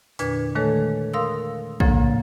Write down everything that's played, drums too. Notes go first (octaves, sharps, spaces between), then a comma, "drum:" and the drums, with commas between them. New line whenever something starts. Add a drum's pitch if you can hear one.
E2 A#2 D3 D4 B4 G#6, drum: hi-hat
A#2 D#3 G#3 A3 A4 C#5
A#4 F5 C6 D#6 E6
D2 A2 C#3 F3 A#3 A6, drum: kick A#1